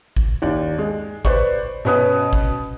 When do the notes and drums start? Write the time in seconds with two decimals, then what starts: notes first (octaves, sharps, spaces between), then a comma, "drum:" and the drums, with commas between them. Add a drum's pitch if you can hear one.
0.17 drum: kick G#1
0.42 D#2 D5
0.79 G#3
1.25 B4 C5 D5 C#6, drum: kick G#1
1.85 B2 C#4 B4 D#6
2.33 drum: kick G#1